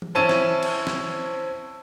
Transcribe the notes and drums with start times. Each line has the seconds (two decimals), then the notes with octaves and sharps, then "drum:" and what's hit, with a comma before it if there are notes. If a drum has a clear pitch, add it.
0.02 drum: tom E3
0.15 C4 C#4 E4 A5 E6 D#7
0.29 drum: snare
0.63 drum: cymbal
0.87 drum: snare